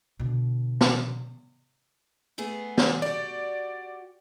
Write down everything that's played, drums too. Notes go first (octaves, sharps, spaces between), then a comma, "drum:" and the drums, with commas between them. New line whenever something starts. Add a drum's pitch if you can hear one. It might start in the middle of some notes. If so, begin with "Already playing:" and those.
B2 D3
drum: snare
A3 B3 G#4
drum: snare
F#4 G4 D5